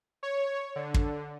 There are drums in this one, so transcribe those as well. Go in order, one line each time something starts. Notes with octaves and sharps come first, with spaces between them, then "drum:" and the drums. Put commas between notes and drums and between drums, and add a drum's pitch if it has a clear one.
C#5
D3
drum: kick